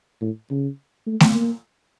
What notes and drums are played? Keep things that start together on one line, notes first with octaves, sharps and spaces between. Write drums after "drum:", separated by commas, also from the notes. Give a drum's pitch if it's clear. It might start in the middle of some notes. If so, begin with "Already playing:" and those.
A2
C#3
A3
drum: snare A3
A#3